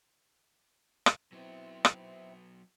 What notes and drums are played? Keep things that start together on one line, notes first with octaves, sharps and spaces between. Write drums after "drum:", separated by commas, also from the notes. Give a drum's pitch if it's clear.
drum: rim click
F#3 B3 C4 E4
drum: rim click